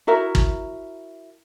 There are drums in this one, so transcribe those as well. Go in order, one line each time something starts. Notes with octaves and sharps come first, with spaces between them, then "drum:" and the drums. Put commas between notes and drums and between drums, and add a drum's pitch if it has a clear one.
E4 F#4 A#4 E5
drum: kick